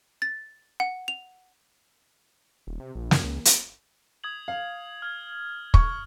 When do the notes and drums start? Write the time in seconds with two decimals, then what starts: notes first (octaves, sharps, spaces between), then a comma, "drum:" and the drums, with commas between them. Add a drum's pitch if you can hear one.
0.22 A6
0.80 F#5
1.08 F7
2.67 D#1
2.80 C3
2.95 A#1
3.11 F#2, drum: snare
3.24 C#2
3.45 drum: hi-hat
4.24 D#6 G#6 F#7
4.48 F5
5.02 F6 G#6
5.74 C#6, drum: kick